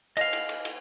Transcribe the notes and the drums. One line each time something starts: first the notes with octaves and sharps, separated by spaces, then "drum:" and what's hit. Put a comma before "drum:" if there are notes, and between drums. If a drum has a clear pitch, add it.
D#5 F5, drum: cymbal
drum: cymbal
drum: cymbal
drum: cymbal